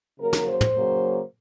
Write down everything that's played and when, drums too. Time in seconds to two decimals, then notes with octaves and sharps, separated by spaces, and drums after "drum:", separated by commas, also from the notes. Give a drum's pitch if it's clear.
0.19 C#3 F#3 A#3 A#4
0.33 drum: snare
0.47 C5
0.61 drum: tom
0.75 C#3 F#3 A#3